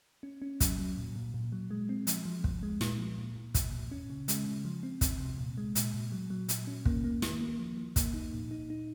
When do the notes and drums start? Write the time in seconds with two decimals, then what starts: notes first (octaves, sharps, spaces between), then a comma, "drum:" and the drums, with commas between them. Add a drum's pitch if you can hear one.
0.23 C#4
0.42 C#4
0.60 F#3, drum: kick, hi-hat
0.79 F#3
0.97 A#2
1.16 A#2
1.34 A#2
1.52 F#3
1.71 G#3
1.89 C4
2.07 F3, drum: hi-hat
2.25 F3
2.44 F3, drum: kick
2.63 G#3
2.81 A#2, drum: snare
2.99 F3
3.18 A#2
3.36 A#2
3.55 A#2, drum: kick, hi-hat
3.73 A#2
3.92 C#4
4.10 C#3
4.28 G#3, drum: hi-hat
4.47 C#3
4.65 F3
4.83 C4
5.01 C4, drum: kick, hi-hat
5.20 C3
5.38 A#2
5.58 G#3
5.75 A#2, drum: hi-hat
5.94 A#2
6.12 F#3
6.30 F#3
6.49 A#2, drum: hi-hat
6.67 C#4
6.85 A#3, drum: kick
7.04 A#3
7.22 D#3, drum: snare
7.41 A#3
7.59 F3
7.77 F3
7.96 A#3, drum: kick, hi-hat
8.14 D#4
8.33 A#2
8.51 D#4
8.70 D#4